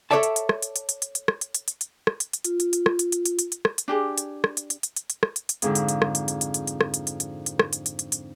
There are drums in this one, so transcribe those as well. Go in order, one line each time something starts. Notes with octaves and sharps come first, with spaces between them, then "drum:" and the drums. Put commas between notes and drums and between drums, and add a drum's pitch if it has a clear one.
A4 B4 C#5 D5 E5 A5
drum: hi-hat
drum: hi-hat
drum: rim click
drum: hi-hat
drum: hi-hat
drum: hi-hat
drum: hi-hat
drum: hi-hat
drum: rim click
drum: hi-hat
drum: hi-hat
drum: hi-hat
drum: hi-hat
drum: rim click
drum: hi-hat
drum: hi-hat
F4, drum: hi-hat
drum: hi-hat
drum: hi-hat
drum: rim click
drum: hi-hat
drum: hi-hat
drum: hi-hat
drum: hi-hat
drum: hi-hat
drum: rim click
drum: hi-hat
D4 G4 G#4
drum: hi-hat
drum: rim click
drum: hi-hat
drum: hi-hat
drum: hi-hat
drum: hi-hat
drum: hi-hat
drum: rim click
drum: hi-hat
drum: hi-hat
F2 G#2 D3, drum: hi-hat
drum: hi-hat
drum: hi-hat
drum: rim click
drum: hi-hat
drum: hi-hat
drum: hi-hat
drum: hi-hat
drum: hi-hat
drum: rim click
drum: hi-hat
drum: hi-hat
drum: hi-hat
drum: hi-hat
drum: rim click
drum: hi-hat
drum: hi-hat
drum: hi-hat
drum: hi-hat